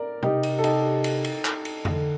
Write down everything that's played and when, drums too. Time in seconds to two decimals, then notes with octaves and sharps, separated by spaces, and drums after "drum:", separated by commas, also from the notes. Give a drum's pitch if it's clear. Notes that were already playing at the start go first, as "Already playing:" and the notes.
Already playing: A#4 D5
0.23 C3 D#4 G4, drum: tom
0.43 drum: cymbal
0.59 A4
0.64 D#4 G4, drum: cymbal
1.04 drum: cymbal
1.24 drum: cymbal
1.45 drum: clap
1.65 drum: cymbal
1.85 D3, drum: tom F2